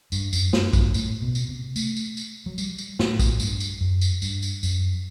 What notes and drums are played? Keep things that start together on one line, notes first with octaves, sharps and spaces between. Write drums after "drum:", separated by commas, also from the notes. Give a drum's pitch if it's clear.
G2, drum: tambourine
F#2, drum: tambourine
G2, drum: snare
G2, drum: kick, tambourine
A2, drum: tambourine
B2
drum: tambourine
C3
A3, drum: tambourine
drum: tambourine
drum: tambourine
F#3
G3, drum: tambourine
drum: tambourine
A2, drum: snare
drum: kick, tambourine
G2, drum: tambourine
drum: tambourine
F#2
drum: tambourine
G2, drum: tambourine
drum: tambourine
F#2, drum: tambourine